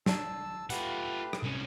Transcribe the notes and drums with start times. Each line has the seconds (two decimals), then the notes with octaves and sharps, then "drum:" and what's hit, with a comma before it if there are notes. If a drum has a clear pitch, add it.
0.06 A5 E6, drum: snare
0.70 A3 F4 G4 B4 F#5, drum: hi-hat
1.33 drum: rim click
1.43 C2 C#4